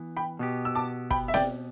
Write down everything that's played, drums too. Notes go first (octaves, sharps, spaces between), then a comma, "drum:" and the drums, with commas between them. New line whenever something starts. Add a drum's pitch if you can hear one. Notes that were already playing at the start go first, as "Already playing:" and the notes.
Already playing: E3 B3
G5 B5
B2 B3 G4
E6
A5 D6
G5 B5, drum: kick
E5
D5 G5, drum: snare C4